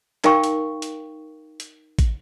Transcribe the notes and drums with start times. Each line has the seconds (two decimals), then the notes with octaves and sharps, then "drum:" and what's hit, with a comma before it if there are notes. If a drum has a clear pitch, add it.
0.24 D#4 A#4 F5 G5 C#6, drum: clap
0.44 drum: hi-hat
0.82 drum: hi-hat
1.60 drum: hi-hat
1.99 drum: kick, hi-hat